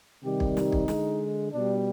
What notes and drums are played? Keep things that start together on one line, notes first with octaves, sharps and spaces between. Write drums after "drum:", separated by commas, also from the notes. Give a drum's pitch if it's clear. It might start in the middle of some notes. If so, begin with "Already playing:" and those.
C3 D#3 G3 G4
drum: kick
D#4, drum: snare
drum: kick
D3 G#3, drum: snare
B2 G3 D4